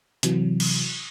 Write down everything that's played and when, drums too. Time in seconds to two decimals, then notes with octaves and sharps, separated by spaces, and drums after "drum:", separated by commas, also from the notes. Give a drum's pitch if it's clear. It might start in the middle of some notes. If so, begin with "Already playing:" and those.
0.23 C3 E3 F#3, drum: hi-hat
0.60 drum: cymbal